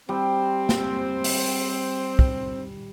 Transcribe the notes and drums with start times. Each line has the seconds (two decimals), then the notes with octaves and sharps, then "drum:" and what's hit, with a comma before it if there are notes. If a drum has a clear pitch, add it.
0.09 G3 C4
0.69 drum: snare
1.24 drum: open hi-hat
2.19 drum: kick